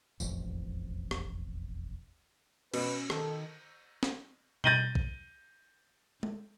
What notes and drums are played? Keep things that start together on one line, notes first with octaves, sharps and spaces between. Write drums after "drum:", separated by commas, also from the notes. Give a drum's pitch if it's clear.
E1 A1 F2, drum: tambourine
drum: rim click
B2 C#4 B4, drum: cymbal
D#3 A4, drum: rim click
drum: snare
G6 A6 A#6 D#7 F#7 G7, drum: tom B2
drum: kick
drum: tom G#3